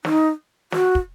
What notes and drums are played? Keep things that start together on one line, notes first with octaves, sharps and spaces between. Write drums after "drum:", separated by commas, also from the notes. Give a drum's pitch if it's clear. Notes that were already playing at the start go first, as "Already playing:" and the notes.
D#4, drum: snare
F#4, drum: snare
drum: kick